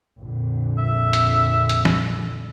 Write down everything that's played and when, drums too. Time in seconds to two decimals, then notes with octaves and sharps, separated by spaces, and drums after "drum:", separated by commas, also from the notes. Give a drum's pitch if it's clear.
0.18 A#1 F2 D3
0.78 E5
1.13 drum: hi-hat
1.69 drum: hi-hat
1.85 drum: snare